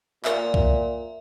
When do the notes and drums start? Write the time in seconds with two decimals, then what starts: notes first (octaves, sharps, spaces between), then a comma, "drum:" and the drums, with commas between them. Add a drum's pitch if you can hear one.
0.25 A#2 A#4 E5, drum: clap
0.54 drum: kick C2